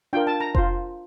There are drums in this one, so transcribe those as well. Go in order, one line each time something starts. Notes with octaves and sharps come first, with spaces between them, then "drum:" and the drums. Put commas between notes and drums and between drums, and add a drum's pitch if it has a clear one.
D4 F4 A#4 G5
A5
A#5
F4 C5, drum: kick F1